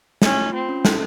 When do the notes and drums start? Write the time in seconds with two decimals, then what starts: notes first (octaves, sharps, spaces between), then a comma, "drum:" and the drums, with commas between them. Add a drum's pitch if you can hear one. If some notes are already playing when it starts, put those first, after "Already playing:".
0.22 A3 C#4, drum: snare
0.38 F4
0.53 C4 F4
0.69 C#4
0.85 A4, drum: snare